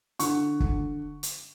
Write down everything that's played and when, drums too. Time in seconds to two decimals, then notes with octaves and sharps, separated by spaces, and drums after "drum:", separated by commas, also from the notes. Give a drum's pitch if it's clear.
0.19 D3 C#6, drum: hi-hat
0.60 D3, drum: kick
1.23 drum: hi-hat